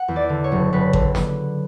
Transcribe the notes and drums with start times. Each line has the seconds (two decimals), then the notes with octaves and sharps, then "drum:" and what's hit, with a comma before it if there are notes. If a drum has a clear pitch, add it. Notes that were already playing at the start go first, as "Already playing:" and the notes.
Already playing: F#5
0.08 E2
0.16 D5
0.29 D3
0.44 C#5
0.52 F#1
0.73 F#1 B4
0.93 D3, drum: kick A1
1.15 drum: snare